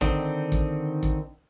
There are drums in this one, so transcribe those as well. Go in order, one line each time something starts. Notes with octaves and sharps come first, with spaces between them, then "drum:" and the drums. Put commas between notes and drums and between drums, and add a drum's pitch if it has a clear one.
D3 D#3 C4 D#4, drum: kick
drum: kick
drum: kick